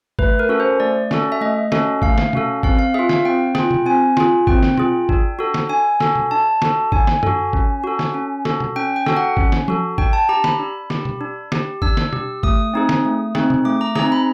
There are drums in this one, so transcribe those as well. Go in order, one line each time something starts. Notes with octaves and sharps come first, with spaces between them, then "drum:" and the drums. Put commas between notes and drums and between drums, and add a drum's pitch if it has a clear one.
A3 B4, drum: kick G#1
A#4
C#4 F#4 A4
C5
A3 D5
C#4 F#4 A4, drum: snare
E5
A3 D#5
C#4 F#4 A4, drum: snare
A3 F5, drum: kick G#1
drum: snare
C#4 F#4 A4, drum: tom B2
C4 F5, drum: kick G#1
F5
F4 G#4 E5
F5, drum: snare
C4 G5
F4 G#4 G5, drum: snare
drum: tom B2
C4 G#5
F4 G#4, drum: snare
C4 G5, drum: kick G#1
drum: snare
F4 G#4, drum: tom B2
D4, drum: kick G#1
F#4 A4
drum: snare
D4 G#5
F#4 A4, drum: snare
drum: tom B2
D4 A5
F#4 A4, drum: snare
D4 G#5, drum: kick G#1
drum: snare
F#4 A4, drum: tom F#2
C#4, drum: kick G#1
F#4 A4
drum: snare
C#4
F#4 A4, drum: snare
drum: tom B2
C#4 G5
G5
F#4 A4, drum: snare
F#5
C#4, drum: kick G#1
drum: snare
F#4 A4, drum: tom F3
D4 G5, drum: kick G#1
A5
G4 A#5
B5, drum: snare
D4
G4, drum: snare
drum: tom B2
D4
G4, drum: snare
D4 E6, drum: kick G#1
drum: snare
G4, drum: tom B2
A3 D#6, drum: kick G#1
C4 D#4 G#4
drum: snare
A3
C4 D#4 G#4, drum: snare
drum: tom B2
A3 D6
A#5
C4 D#4 G#4 A#5, drum: snare
B5